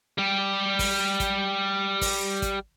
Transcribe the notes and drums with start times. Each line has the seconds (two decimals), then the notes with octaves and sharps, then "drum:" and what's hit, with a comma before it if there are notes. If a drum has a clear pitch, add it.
0.18 G3 G4
0.79 drum: kick, open hi-hat
1.20 drum: kick, hi-hat
2.01 drum: kick, open hi-hat
2.42 drum: kick, hi-hat